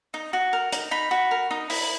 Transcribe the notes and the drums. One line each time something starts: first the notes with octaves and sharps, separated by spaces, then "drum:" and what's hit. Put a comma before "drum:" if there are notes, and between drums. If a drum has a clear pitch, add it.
D#4
F#4
A#4
D#4, drum: hi-hat
D#4 B5
F#4
A#4
D#4
E4, drum: open hi-hat